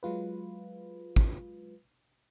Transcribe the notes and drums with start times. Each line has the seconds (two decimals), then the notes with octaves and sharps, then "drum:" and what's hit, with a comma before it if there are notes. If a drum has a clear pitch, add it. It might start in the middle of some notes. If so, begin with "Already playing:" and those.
0.03 F#3 G#3 F4 B4
1.16 drum: kick